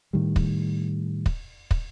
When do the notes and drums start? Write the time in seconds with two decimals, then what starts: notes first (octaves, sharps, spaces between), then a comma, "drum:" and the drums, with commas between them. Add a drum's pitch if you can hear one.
0.13 A2 D#3 G3
0.36 drum: kick
1.26 drum: kick
1.71 drum: kick